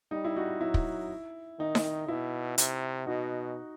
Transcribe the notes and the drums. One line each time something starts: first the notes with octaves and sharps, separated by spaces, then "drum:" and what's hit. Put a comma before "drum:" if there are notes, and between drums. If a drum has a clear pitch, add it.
G3 D#4
E4
D#4 F#4
F#3 E4
drum: kick
D#3 D#4
drum: snare D#4
B2 E4
C3, drum: hi-hat
B2 D#4 F#4